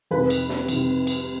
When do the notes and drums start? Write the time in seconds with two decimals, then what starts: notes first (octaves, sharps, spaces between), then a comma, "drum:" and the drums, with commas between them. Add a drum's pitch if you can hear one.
0.11 F2 C3 D#3 B4
0.30 drum: cymbal
0.49 drum: snare
0.68 F2 C3 D#3, drum: cymbal
1.07 drum: cymbal